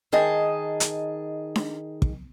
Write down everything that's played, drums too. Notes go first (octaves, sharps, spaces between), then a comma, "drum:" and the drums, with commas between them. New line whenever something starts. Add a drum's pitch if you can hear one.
D#3 G#4 D#5 A5
drum: hi-hat
drum: snare D4
drum: kick